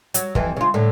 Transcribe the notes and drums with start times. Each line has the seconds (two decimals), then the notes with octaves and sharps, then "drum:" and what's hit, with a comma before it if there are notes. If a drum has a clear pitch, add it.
0.14 F#3, drum: hi-hat
0.35 F2 E3, drum: kick
0.57 C#3 F4
0.74 A2 D3